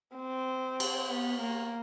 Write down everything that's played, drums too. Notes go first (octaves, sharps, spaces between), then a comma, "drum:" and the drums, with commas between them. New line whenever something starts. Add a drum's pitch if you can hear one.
C4
drum: cymbal
B3
A#3